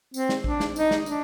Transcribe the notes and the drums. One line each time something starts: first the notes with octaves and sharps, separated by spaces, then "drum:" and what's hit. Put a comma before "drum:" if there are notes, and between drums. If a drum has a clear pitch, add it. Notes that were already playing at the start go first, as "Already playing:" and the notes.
C4, drum: tambourine
drum: snare
D4, drum: kick
drum: snare
D#4, drum: tambourine
drum: snare
D4, drum: tambourine